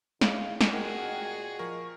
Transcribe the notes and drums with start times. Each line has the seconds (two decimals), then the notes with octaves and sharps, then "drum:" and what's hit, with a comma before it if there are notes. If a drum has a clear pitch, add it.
0.21 D3 D#3 G#3 E4 C#5 D#5 F5, drum: snare
0.61 drum: snare
0.73 A#2 F#4 G#4 A#4 D#5 F#5 G5
1.59 F3 A#4 C#6